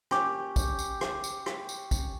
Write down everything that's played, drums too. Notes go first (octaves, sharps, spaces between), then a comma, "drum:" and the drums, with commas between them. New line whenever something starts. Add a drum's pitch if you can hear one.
C#4 G4, drum: rim click
drum: kick, tambourine
drum: tambourine
drum: rim click
drum: tambourine
drum: rim click
drum: tambourine
drum: kick, tambourine